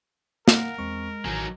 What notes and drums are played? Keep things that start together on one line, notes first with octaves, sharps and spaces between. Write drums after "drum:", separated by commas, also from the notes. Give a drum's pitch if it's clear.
A#4 F5 F#5, drum: snare
E2 G#3 C4 C#6
A1 A2 D#3 F#3 D#4 G#5